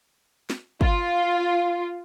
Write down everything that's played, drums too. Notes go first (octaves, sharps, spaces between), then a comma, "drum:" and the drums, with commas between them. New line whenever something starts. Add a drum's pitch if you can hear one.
drum: snare
F4, drum: kick